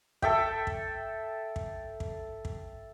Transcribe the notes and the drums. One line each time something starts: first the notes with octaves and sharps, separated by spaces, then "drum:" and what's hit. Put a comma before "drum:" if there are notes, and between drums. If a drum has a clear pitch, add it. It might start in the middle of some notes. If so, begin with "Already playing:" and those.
A4 E5 G5, drum: kick
drum: kick
drum: kick
drum: kick
drum: kick